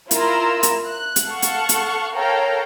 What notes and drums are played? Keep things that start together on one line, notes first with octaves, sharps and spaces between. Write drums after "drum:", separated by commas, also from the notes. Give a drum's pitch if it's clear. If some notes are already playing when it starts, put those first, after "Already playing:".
E4 F4 A#4 A#5 C6 E6, drum: hi-hat
drum: hi-hat
F#6
drum: hi-hat
A4 F5 F#5 C#6
drum: hi-hat
drum: hi-hat
A4 A#4 C#5 F5 G5 A#5